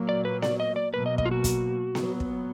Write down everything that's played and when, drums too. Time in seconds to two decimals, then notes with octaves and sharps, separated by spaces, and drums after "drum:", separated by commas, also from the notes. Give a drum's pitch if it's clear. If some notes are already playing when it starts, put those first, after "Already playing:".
Already playing: A#2 F#3 A#3
0.09 D5
0.25 B4
0.42 D5, drum: snare B3
0.60 D#5
0.76 D5
0.93 B2 F#3 A#3 B4
1.06 D#5
1.18 D#5, drum: kick
1.26 F4
1.31 F#4
1.44 drum: kick, hi-hat
1.95 A#2 F#3 B3, drum: snare B3
2.20 drum: kick